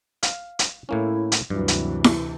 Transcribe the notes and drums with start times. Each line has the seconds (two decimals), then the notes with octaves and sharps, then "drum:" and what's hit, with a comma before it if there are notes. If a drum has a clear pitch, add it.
0.23 F5, drum: hi-hat
0.59 drum: hi-hat
0.89 A2 A#3 C#4 E4
1.32 drum: hi-hat
1.50 D2 G2 C3 E3 F#3
1.68 drum: hi-hat
2.04 drum: snare E4